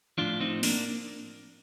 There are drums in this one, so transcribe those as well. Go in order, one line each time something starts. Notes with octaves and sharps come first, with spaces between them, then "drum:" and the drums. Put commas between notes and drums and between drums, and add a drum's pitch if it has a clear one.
A2 F3 D4 F4
C4 D#4
A#3 D4, drum: open hi-hat